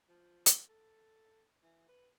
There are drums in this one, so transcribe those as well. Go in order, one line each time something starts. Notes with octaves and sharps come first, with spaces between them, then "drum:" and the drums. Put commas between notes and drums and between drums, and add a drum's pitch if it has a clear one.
F3
drum: hi-hat
A4
E3
B4